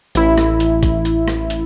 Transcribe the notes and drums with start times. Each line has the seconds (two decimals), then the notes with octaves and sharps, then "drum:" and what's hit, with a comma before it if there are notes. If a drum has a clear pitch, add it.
0.15 A1 E4, drum: hi-hat
0.38 drum: rim click
0.60 drum: hi-hat
0.83 drum: kick A1, hi-hat
1.05 drum: hi-hat
1.28 drum: rim click
1.50 drum: hi-hat